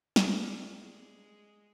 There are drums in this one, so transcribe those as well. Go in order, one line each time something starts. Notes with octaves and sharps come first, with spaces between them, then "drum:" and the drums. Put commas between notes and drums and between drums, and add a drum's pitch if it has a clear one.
G3, drum: snare
G#3